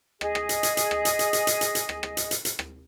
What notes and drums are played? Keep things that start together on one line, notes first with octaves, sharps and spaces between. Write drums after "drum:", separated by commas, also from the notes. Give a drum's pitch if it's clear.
G#4 D#5, drum: rim click
drum: rim click
drum: hi-hat
drum: hi-hat
drum: hi-hat
drum: rim click
drum: hi-hat
drum: hi-hat
drum: hi-hat
drum: hi-hat
drum: hi-hat
drum: hi-hat
drum: rim click
drum: rim click
drum: hi-hat
drum: hi-hat
drum: hi-hat
drum: rim click